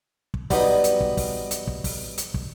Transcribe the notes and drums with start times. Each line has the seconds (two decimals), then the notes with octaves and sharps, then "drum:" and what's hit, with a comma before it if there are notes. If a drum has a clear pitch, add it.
0.34 drum: kick
0.50 F#3 G3 B3 D#4, drum: kick, open hi-hat
0.84 drum: hi-hat
1.01 drum: kick
1.17 drum: kick, open hi-hat
1.51 drum: hi-hat
1.67 drum: kick
1.84 drum: kick, open hi-hat
2.18 drum: hi-hat
2.34 drum: kick